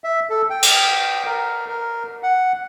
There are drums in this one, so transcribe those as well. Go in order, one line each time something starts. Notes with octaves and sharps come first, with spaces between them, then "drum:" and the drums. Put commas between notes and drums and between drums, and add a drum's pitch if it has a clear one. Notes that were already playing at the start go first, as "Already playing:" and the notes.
E5
A4
G5
drum: cymbal
A#4
A#4
F#5